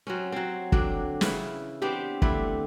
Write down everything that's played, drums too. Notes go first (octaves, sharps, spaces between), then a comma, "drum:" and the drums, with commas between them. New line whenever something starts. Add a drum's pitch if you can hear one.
F#3 C4 C#4
F#3 C4
D3 F#3 D4, drum: kick
C#3 E3 E4, drum: snare
B3 C4 D4 G4
D3 A3 E4, drum: kick